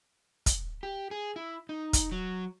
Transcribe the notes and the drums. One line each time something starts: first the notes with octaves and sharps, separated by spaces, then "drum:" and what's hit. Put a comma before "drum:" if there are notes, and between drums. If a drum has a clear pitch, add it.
drum: kick, hi-hat
G4
G#4
E4
D#4
drum: kick, hi-hat
F#3